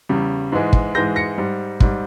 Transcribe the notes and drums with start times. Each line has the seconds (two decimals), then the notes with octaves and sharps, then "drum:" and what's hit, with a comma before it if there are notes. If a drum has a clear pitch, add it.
0.09 E2 C#3 G3
0.52 G#2 E3 G#3
0.73 drum: kick
0.95 G#2 E3 G#3 G6 A#6
1.16 A#6 C#7
1.38 G#2 G3
1.80 G#2 G3, drum: kick